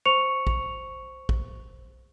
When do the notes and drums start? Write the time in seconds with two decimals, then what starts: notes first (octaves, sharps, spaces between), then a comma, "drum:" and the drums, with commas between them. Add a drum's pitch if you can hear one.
0.05 C5 C#6 C#7 F7
0.47 drum: kick
1.29 drum: kick